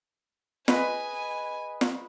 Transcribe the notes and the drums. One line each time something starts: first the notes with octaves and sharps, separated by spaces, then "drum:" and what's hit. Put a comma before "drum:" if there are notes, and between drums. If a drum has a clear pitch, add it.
G#4 B4 D#5 G#5, drum: snare
drum: snare